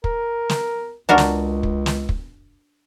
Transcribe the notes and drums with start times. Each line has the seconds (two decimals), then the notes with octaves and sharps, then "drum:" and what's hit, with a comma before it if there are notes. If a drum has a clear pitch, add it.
0.04 A#4, drum: kick
0.49 drum: snare
1.09 C#2 D4 F#4 A#4
1.18 drum: snare
1.63 drum: kick
1.86 drum: snare
2.09 drum: kick